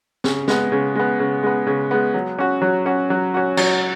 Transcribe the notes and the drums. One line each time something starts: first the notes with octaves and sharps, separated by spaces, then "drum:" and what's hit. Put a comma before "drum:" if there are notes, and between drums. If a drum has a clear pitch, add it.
C#3, drum: snare
G#3 B3, drum: snare
C#3
G#3 B3
C#3
G#3 B3
C#3
G#3 B3
F#3
C#4 F#4
F#3
C#4 F#4
F#3
C#4 F#4
F#3, drum: cymbal